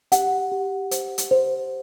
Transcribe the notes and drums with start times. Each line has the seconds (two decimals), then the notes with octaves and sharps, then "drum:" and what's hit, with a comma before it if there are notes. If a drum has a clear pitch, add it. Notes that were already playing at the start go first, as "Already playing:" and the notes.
0.12 G4 F#5, drum: hi-hat
0.52 G4
0.91 C5, drum: hi-hat
1.18 drum: hi-hat
1.31 C5